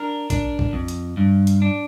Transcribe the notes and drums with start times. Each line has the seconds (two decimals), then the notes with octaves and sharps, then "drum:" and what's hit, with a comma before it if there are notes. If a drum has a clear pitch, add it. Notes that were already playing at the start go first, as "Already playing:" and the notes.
Already playing: D4 A#4
0.30 D4, drum: kick A#1, hi-hat
0.59 drum: kick A#1
0.73 F2
0.88 drum: hi-hat
1.17 G2
1.47 drum: hi-hat
1.62 D4